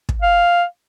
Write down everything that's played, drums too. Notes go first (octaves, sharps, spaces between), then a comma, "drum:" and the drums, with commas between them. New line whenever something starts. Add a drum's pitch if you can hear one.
drum: kick
F5